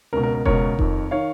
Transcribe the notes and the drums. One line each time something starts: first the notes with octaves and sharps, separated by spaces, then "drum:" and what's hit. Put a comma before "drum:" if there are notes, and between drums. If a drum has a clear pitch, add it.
C#2 B2 A#4
A#4
A#4
C#2 B2 A#4 C#5, drum: kick E1
F2 D#3, drum: kick E1
D#3 C#5 F5